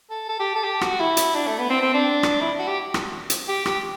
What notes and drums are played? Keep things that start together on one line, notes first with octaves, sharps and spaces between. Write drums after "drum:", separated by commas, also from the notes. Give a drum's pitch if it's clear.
A4
A4
G4
A4
G4
F#4, drum: rim click
E4
drum: hi-hat
D4
A3
B3
C4
C4
D4
drum: rim click
E4
F#4
G4
drum: rim click
drum: hi-hat
G4
G4, drum: rim click